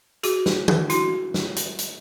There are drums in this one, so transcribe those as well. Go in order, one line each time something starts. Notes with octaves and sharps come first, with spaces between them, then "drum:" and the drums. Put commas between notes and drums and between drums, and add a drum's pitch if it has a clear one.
F#4 G#4, drum: hi-hat
drum: snare
drum: tom E3
E4 F#4, drum: hi-hat
drum: snare
drum: hi-hat
drum: hi-hat